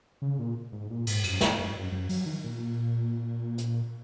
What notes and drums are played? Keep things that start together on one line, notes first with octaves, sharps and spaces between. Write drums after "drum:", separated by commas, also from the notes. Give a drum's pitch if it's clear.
C#3
A#2
G#2
A#2
G#2, drum: cymbal
F#2, drum: cymbal
G#2, drum: snare
F#2
G#2
F#2
F#2
F#3, drum: open hi-hat
D#3
A#2
drum: hi-hat